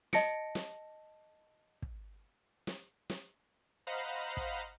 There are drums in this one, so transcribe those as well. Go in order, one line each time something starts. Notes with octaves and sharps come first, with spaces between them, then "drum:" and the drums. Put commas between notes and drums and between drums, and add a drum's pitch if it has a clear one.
D#5 A5 A#6 C#7 D7, drum: snare
drum: snare
drum: kick
drum: snare
drum: snare
C5 D#5 F5 F#5 A#5 B5
drum: kick